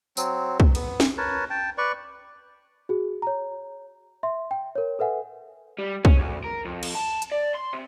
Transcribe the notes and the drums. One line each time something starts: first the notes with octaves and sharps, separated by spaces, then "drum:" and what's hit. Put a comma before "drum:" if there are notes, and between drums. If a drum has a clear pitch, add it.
F#3 C4, drum: tambourine
drum: kick
B3, drum: cymbal
drum: snare
A#4 B4 C#5 A5
G5 A5
B4 D5 C#6
F#4 G#4
C#5 A#5
E5 C6
G5
A#4 C#5
A4 B4 E5 F#5 G#5
G3
C#4, drum: kick
D2
A#4
F2
drum: cymbal
A5
drum: hi-hat
D5
C6
C3